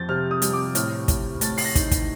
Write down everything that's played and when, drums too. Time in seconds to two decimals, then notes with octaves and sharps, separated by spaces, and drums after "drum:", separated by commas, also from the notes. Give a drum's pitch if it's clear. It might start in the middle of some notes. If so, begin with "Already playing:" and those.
Already playing: F2 C4 G6 A6
0.09 C3 F6
0.31 D#6
0.42 G3, drum: hi-hat
0.53 D6
0.75 A2 F6, drum: hi-hat
1.08 A2, drum: kick, hi-hat
1.41 A3 A6, drum: hi-hat
1.58 C7, drum: open hi-hat
1.64 A#6
1.75 D#4, drum: kick, hi-hat
1.91 drum: kick, hi-hat